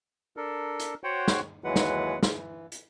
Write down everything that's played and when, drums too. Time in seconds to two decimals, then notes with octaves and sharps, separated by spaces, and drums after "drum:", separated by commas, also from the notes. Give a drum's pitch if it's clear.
0.37 D4 A4 A#4
0.80 drum: hi-hat
1.04 F#4 C5 C#5 F#5 G5
1.28 drum: snare
1.64 D#2 E3 F#3 G#3 B4 F#5
1.76 drum: snare
2.23 E3, drum: snare
2.72 drum: hi-hat